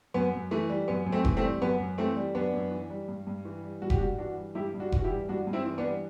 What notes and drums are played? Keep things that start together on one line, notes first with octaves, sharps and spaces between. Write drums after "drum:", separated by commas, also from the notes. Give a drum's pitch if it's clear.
F#2 B3
F#2
E3 A3
G3
F#2 B3
F#2
A3 C4
E3, drum: kick F1
A3 C4
G3
F#2 B3
F#2
E3 A3 C4
G3
F#2 B3 D4
F#2
E3
G3
G2
G2
E3
G3
G2 F#4
G4, drum: kick F1
G2 D4 F#4
E3 D4 F#4
G3
G2 E4 G4
G2
D4 F#4
E3 F#4, drum: kick F1
E4 G4
G3
G2 D4 F#4
G2
C4 E4
E3
B3 D4
G3